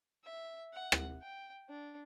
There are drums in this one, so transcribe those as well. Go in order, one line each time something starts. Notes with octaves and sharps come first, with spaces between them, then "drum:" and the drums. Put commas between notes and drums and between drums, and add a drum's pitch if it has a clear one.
E5
F#5
drum: rim click
G5
D4